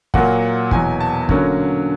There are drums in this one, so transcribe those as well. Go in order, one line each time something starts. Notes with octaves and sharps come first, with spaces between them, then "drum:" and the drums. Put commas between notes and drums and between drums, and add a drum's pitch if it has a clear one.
A#2 F#3 A#3 F#5, drum: kick
E2 B2 F#3 G#5, drum: kick
A5
D3 F#3 A#3 C#4, drum: kick